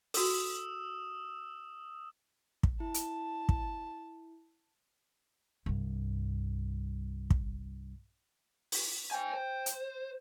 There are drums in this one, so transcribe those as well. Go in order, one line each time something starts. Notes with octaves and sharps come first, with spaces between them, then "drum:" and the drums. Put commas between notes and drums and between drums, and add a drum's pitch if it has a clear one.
F#4 A4 D#6 E6 E7, drum: open hi-hat
drum: kick
E4 A5
drum: hi-hat
drum: kick
C2 G2
drum: kick
drum: open hi-hat
C5 G5 G#5
C5
drum: hi-hat